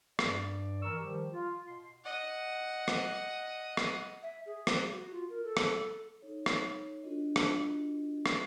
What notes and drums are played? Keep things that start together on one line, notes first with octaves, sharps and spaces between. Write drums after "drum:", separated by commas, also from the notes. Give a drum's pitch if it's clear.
G2 D5, drum: rim click
E3 A#4 C#6 E6
D#3 F3 G3 G4
F4
B2 C6
D#5 F#5
drum: rim click
drum: rim click
E5
G#4
drum: rim click
F#4
F4
A#4
A4
drum: rim click
D#4 A4 C#5
drum: rim click
D4 F4 F#4 A4 D#5
drum: rim click
drum: rim click